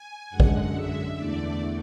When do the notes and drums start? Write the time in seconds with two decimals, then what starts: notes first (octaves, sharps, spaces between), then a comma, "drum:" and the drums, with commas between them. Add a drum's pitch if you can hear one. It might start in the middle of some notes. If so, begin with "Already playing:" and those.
Already playing: G#5
0.29 F#2 D3 G#3 F#5
0.40 drum: kick
0.73 E5
1.15 E2 D3 A3 D5